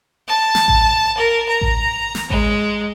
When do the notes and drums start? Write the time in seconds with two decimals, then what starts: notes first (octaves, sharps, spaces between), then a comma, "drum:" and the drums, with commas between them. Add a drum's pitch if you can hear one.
0.28 A5
0.55 drum: snare
0.68 drum: kick A1
1.17 A#4
1.49 A#5
1.61 drum: kick A1
2.15 drum: snare
2.30 G#3, drum: kick A1